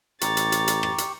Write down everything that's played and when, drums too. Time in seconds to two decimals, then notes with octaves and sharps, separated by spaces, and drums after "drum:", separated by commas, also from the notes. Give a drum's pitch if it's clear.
0.21 A1 G4 A#5 C#6 A6, drum: hi-hat
0.37 drum: hi-hat
0.52 drum: hi-hat
0.68 drum: hi-hat
0.83 drum: rim click
0.98 drum: hi-hat